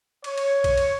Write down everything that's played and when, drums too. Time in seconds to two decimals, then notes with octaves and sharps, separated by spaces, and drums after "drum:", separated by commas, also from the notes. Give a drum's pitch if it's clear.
0.24 C#5, drum: cymbal
0.38 drum: cymbal
0.64 drum: kick B1, cymbal
0.77 drum: cymbal